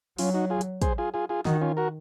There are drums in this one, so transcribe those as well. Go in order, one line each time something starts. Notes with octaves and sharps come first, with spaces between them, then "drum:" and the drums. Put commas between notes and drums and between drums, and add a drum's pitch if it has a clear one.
F#3 C#4 F4, drum: open hi-hat
D#4 F#4
F4 G#4
drum: hi-hat
G#4 C5, drum: kick, hi-hat
F4 G#4
F4 G#4
F4 G#4
D#3 D#4 F#4, drum: snare
C#4 F4
F#4 A#4